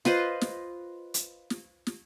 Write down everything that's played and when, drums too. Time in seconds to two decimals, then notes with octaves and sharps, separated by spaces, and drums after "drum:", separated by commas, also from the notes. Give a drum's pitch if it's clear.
0.05 F4 B4 C5 D#5, drum: snare
0.41 drum: snare
1.14 drum: hi-hat
1.50 drum: snare
1.87 drum: snare